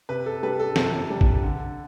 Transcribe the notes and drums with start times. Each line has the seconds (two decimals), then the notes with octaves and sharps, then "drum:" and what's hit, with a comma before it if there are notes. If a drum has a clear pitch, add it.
0.09 C3 B4
0.26 A4
0.43 G3 D4 B4
0.60 A4
0.76 C3, drum: snare
1.10 G3 D4
1.21 drum: kick
1.43 D3